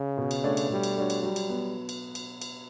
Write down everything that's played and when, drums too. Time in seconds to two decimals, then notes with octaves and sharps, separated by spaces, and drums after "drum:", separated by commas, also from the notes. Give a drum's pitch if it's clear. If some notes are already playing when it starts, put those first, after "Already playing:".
Already playing: C#3
0.18 B2
0.31 drum: cymbal
0.44 A3 D4 F#4 C#5
0.57 drum: cymbal
0.70 B2 G3
0.83 drum: cymbal
0.96 A3 D4 F#4 C#5
1.10 drum: cymbal
1.23 F#3 G3
1.36 drum: cymbal
1.49 B3
1.89 drum: cymbal
2.15 drum: cymbal
2.42 drum: cymbal